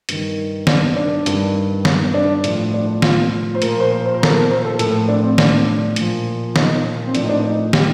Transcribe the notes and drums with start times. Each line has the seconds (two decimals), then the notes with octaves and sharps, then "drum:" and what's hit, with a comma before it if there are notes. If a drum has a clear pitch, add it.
0.09 G2 D#3, drum: hi-hat
0.67 D4, drum: snare
0.96 D4
1.26 G2 D#3, drum: hi-hat
1.85 drum: snare
2.14 D4
2.44 A2 F3, drum: hi-hat
2.74 D4
3.02 F4, drum: snare
3.55 C5
3.62 A#2 F3 A#4, drum: hi-hat
3.80 C5
3.91 A#4
4.06 C5
4.14 A#4
4.23 A4, drum: snare
4.32 A#4
4.43 A#4
4.50 C5
4.65 A4
4.79 A2 F3 A4, drum: hi-hat
5.08 D4
5.23 C4
5.38 D4, drum: snare
5.96 A#2 F3, drum: hi-hat
6.56 D#4, drum: snare
7.06 C4
7.15 A2 F3 D4, drum: hi-hat
7.24 D#4
7.29 D4
7.44 D#4
7.73 G4, drum: snare